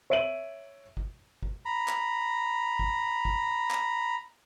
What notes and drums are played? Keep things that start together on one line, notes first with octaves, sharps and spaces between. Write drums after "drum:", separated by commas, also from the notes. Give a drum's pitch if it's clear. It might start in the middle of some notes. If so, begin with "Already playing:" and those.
C#5 E5 D7 D#7 F#7
drum: kick
drum: kick
A#5 B5
drum: clap
drum: kick
drum: kick
drum: clap